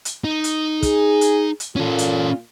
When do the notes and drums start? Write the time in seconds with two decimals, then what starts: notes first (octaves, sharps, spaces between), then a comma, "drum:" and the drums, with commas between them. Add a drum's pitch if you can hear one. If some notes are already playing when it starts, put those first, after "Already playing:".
0.05 drum: hi-hat
0.24 D#4
0.44 drum: hi-hat
0.83 G#4, drum: kick, hi-hat
1.21 drum: hi-hat
1.60 drum: hi-hat
1.76 A#2 C#4 F4 A4
1.98 drum: hi-hat